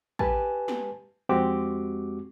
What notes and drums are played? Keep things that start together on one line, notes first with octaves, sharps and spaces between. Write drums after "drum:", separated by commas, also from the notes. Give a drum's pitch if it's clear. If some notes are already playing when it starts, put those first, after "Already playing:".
G4 B4 G#5 A5, drum: kick
drum: snare
F2 G#3 C4 F#4 G4 D6